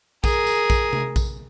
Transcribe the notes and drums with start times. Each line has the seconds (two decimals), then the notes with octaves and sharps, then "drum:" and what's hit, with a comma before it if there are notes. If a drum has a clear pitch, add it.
0.24 G#4 A#4, drum: kick A#1, tambourine
0.47 drum: tambourine
0.70 drum: kick A#1, tambourine
0.93 drum: tom C3
1.16 drum: kick A#1, tambourine